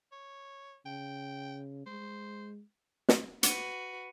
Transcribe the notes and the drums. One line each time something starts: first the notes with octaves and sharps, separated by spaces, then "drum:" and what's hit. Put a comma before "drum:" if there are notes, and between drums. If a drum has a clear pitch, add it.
C#5
C#3 G5
G#3 C5
drum: snare
F#4 B4 C#7 D#7, drum: hi-hat